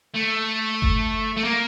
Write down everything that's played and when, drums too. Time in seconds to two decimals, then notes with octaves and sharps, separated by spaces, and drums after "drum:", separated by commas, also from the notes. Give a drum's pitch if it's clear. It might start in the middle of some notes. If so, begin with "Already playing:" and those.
0.15 A3
0.82 drum: kick F#1
1.37 A3
1.45 A#3